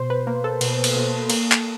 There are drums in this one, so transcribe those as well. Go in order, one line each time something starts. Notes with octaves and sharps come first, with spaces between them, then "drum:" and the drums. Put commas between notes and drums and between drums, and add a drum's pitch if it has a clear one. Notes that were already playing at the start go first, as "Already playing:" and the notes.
Already playing: B2 C5
B4
A#3
A4
B2, drum: cymbal
drum: cymbal
B2
A#3, drum: cymbal
drum: clap